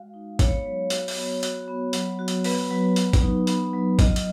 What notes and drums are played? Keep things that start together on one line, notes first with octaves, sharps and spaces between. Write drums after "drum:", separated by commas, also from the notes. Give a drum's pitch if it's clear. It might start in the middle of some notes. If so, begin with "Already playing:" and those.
Already playing: G#3 F#4 F5
D#4
B3 C#5, drum: kick, hi-hat
F#3
F#4, drum: hi-hat
drum: open hi-hat
B3
F#4, drum: hi-hat
B3
F#3, drum: hi-hat
F#4
drum: hi-hat
B3 B4, drum: open hi-hat
F#3
F#3, drum: hi-hat
drum: kick, hi-hat
D#4
B3, drum: hi-hat
F#3
F4 D#5, drum: kick, hi-hat
drum: hi-hat